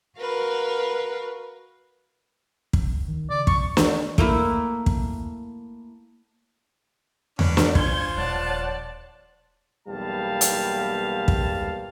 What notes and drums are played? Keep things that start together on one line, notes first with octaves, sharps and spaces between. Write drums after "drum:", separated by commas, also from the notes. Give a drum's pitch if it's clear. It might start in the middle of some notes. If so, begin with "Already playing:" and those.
F#4 A#4 B4 F5
E1, drum: kick
C#2
D#3
C#3 D5
E2 C#6, drum: kick
drum: snare
A3 A#3 E4, drum: kick
drum: kick
C#4 D4 B4, drum: tom E2
drum: snare
F4 C5 G#5 C#6 G6 G#6, drum: kick
D#1 F3 C#5 D5 F#5 A5
B1 E2 G3 A#3 F5 A5
drum: hi-hat
drum: kick